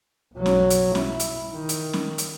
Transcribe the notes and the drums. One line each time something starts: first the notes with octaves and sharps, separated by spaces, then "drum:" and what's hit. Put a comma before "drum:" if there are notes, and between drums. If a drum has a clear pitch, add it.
B1 F#3
drum: snare C#4
drum: hi-hat
E4, drum: snare C#4
drum: hi-hat
D#3
drum: hi-hat
drum: snare C#4
drum: hi-hat